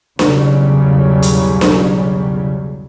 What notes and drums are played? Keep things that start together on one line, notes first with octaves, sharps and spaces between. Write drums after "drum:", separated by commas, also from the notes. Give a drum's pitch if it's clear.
B1 E2 C#3 F#3 G3, drum: snare D4
drum: hi-hat
drum: snare D4